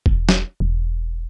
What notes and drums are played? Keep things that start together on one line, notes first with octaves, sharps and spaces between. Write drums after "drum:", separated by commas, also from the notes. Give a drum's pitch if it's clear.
E1, drum: kick
drum: snare
E1